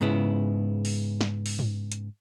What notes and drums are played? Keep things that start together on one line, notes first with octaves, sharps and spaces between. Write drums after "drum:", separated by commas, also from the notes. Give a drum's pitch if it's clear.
G#2 C#3 B3 E4
drum: open hi-hat
drum: snare
drum: open hi-hat
drum: tom
drum: hi-hat